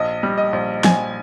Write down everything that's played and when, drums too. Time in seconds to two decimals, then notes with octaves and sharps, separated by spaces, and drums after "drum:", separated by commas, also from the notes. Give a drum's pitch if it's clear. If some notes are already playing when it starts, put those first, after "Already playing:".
Already playing: A#1 D#5
0.23 G3
0.38 D#5
0.53 A#1
0.84 A#1 G#5, drum: snare